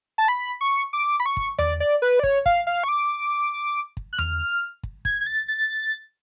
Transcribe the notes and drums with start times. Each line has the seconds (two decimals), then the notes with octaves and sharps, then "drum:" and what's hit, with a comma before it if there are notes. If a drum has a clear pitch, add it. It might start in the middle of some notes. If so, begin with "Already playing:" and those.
0.18 A5
0.28 B5
0.61 C#6
0.93 D6
1.20 B5
1.26 C#6
1.37 drum: kick
1.58 D5, drum: tom E2
1.80 D5
2.02 B4
2.19 D5
2.23 C#5, drum: kick
2.46 F5, drum: kick
2.67 F5
2.84 C#6
2.88 D6
3.97 drum: kick
4.13 F#6
4.18 F6, drum: tom E2
4.83 drum: kick
5.05 G#6, drum: kick
5.21 G#6
5.26 A6
5.48 A6